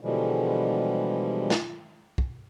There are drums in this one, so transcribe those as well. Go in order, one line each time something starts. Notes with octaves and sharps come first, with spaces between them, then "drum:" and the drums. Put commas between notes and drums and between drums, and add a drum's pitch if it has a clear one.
B2 D3 E3 F3 G3 G#3
drum: snare
drum: kick